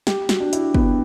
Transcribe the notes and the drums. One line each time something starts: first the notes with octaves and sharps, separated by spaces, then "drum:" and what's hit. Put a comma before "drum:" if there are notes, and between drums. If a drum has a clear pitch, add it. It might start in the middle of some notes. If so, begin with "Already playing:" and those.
G4, drum: snare
F#4, drum: snare
D4
E4, drum: hi-hat
B3, drum: kick